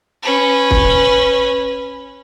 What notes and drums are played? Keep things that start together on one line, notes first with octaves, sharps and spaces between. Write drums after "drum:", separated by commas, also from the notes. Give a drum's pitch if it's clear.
C#4 B4
drum: kick